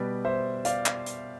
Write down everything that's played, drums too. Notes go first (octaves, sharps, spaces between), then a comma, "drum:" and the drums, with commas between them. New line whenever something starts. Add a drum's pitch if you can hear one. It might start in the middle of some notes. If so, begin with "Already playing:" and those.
Already playing: B2 G3 B4 D5
C5 E5
D5 F5, drum: hi-hat
drum: clap
drum: hi-hat